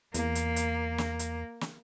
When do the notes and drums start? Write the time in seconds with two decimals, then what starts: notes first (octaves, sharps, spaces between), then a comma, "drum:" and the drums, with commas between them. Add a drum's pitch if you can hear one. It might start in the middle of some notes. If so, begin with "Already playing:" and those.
0.14 E2 A#3, drum: hi-hat
0.35 drum: hi-hat
0.56 drum: hi-hat
0.98 drum: snare
1.19 drum: hi-hat
1.61 drum: snare